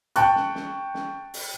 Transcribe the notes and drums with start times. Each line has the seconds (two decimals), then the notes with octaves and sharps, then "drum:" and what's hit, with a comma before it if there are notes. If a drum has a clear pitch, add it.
0.16 G5 A5 C#6 F#6, drum: hi-hat
0.35 drum: snare
0.55 drum: snare
0.94 drum: snare
1.34 drum: open hi-hat